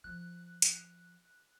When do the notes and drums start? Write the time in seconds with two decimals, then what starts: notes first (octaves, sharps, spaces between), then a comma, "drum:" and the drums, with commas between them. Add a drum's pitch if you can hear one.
0.04 F3 F#6
0.62 drum: hi-hat